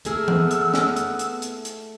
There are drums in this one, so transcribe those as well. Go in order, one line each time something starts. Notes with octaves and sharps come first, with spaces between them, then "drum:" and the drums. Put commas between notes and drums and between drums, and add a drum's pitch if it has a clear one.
A3 A#3 G#4 E6 F6, drum: hi-hat
drum: tom E3
B3
drum: hi-hat
drum: snare
drum: hi-hat
drum: hi-hat
drum: hi-hat
drum: hi-hat